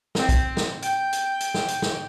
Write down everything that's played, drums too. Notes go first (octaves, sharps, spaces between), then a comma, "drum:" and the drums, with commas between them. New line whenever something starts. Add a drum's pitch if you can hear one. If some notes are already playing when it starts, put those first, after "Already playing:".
C4, drum: snare
drum: kick, hi-hat
drum: snare
G5, drum: hi-hat
drum: hi-hat
drum: hi-hat
drum: snare
drum: hi-hat
drum: snare